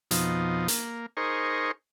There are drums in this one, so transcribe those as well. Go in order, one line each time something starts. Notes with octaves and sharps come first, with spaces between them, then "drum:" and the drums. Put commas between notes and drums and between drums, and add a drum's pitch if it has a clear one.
F2 B2 F3 D#4, drum: hi-hat
A#3, drum: hi-hat
D#4 G#4 A#4 C5 C#6